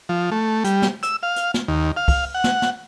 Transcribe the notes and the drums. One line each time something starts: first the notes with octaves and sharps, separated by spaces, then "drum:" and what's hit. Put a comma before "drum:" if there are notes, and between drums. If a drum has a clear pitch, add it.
F3
A3
G3, drum: hi-hat
drum: snare
E6, drum: hi-hat
F5
drum: hi-hat
drum: snare
D#2
F5
drum: kick, open hi-hat
F#5
drum: snare
drum: snare